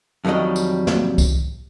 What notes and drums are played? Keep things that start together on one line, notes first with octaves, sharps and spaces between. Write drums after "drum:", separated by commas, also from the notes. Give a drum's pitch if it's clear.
F2 D#3 F#3 G3 D#5
drum: tambourine
drum: snare
drum: kick C2, tambourine